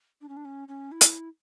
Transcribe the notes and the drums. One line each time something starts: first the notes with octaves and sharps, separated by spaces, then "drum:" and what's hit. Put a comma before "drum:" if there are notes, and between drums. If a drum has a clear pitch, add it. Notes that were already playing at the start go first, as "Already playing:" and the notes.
D4
C#4
D4
C#4
C#4
E4
drum: hi-hat